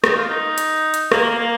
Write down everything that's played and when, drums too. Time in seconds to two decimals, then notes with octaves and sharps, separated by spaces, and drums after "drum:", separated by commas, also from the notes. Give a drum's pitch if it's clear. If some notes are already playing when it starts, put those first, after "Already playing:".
0.04 D#4, drum: rim click
0.17 F4
0.29 D#4
0.58 drum: hi-hat
0.94 drum: hi-hat
1.12 A#3, drum: rim click
1.38 A#3